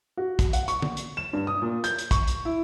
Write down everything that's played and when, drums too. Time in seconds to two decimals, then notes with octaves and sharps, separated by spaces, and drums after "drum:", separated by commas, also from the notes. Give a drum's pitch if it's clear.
0.17 F#4
0.39 drum: kick, hi-hat
0.53 F#5, drum: hi-hat
0.68 C#6, drum: hi-hat
0.82 drum: tom
0.97 drum: hi-hat
1.17 E7
1.33 G2
1.47 D#6
1.62 A#2
1.84 G6, drum: hi-hat
1.98 drum: hi-hat
2.11 C#6, drum: kick, hi-hat
2.28 drum: hi-hat
2.45 E4